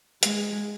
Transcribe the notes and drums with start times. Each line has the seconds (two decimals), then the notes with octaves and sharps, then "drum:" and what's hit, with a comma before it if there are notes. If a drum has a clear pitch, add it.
0.23 G#3, drum: hi-hat